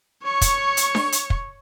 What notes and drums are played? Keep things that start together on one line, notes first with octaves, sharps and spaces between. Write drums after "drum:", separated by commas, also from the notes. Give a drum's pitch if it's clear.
C#5 C#6
drum: kick, hi-hat
drum: hi-hat
drum: snare D4
drum: hi-hat
drum: kick